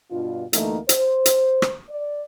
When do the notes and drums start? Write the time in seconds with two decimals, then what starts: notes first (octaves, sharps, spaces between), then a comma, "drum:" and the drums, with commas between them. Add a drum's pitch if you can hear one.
0.11 G2 B2 D4 F4
0.53 D2 E3 A3 A#3 D#4 A#4, drum: hi-hat
0.89 C5, drum: hi-hat
1.26 drum: hi-hat
1.62 drum: rim click
1.89 D5